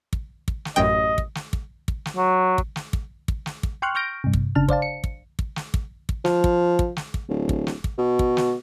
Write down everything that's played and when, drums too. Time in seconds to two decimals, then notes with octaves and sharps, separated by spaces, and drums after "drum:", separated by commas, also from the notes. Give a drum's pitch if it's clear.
0.13 drum: kick
0.48 drum: kick
0.65 drum: snare
0.76 A1 F#2 D#5 G5
1.18 drum: kick
1.35 drum: snare
1.53 drum: kick
1.88 drum: kick
2.05 drum: snare
2.17 F#3
2.58 drum: kick
2.76 drum: snare
2.93 drum: kick
3.28 drum: kick
3.46 drum: snare
3.63 drum: kick
3.82 G5 C6 C#6 F6 F#6
3.95 C#6 F6 G6 A#6 D7
4.24 G2 C3
4.33 drum: kick
4.55 G1 C#3 D4 A5 F6
4.69 C5 D5 F5 A5, drum: kick
4.82 C#7
5.04 drum: kick
5.39 drum: kick
5.56 drum: snare
5.74 drum: kick
6.09 drum: kick
6.25 F3, drum: snare
6.44 drum: kick
6.79 drum: kick
6.96 drum: snare
7.14 drum: kick
7.29 D1
7.49 drum: kick
7.67 drum: snare
7.84 drum: kick
7.98 B2
8.19 drum: kick
8.37 drum: snare